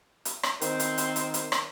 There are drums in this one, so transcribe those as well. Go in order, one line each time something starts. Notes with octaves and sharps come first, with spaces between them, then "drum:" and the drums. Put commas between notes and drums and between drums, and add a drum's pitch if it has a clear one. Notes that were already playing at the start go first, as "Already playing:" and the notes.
drum: hi-hat
drum: rim click
D#3 C4 C5, drum: hi-hat
drum: hi-hat
drum: hi-hat
drum: hi-hat
drum: hi-hat
drum: rim click